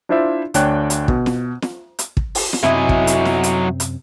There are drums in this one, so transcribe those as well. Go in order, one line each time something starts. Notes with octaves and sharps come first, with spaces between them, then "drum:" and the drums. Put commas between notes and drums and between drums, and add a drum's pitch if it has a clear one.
D4 E4 F4 C5 D5 E5
D2 D4 C#5 D5 G5 F#6, drum: hi-hat
drum: hi-hat
B2, drum: kick
drum: snare
drum: snare
drum: hi-hat
drum: kick
drum: open hi-hat
drum: snare
F#2 C3 F#3 C4 E4 D#5 G#5
drum: kick
drum: hi-hat
drum: snare
drum: hi-hat
drum: hi-hat